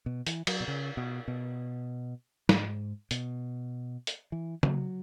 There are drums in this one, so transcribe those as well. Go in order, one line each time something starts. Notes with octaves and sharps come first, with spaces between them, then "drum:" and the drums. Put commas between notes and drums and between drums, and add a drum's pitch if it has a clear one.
B2
E3, drum: hi-hat
F#3, drum: cymbal
B2
C#3
B2
B2
G#2, drum: snare
B2, drum: hi-hat
drum: hi-hat
E3
F#3, drum: tom